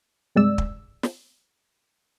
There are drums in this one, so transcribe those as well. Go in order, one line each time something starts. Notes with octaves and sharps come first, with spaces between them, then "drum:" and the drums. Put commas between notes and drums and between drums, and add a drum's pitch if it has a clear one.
G2 C3 G#3 D5 E6
drum: kick
drum: snare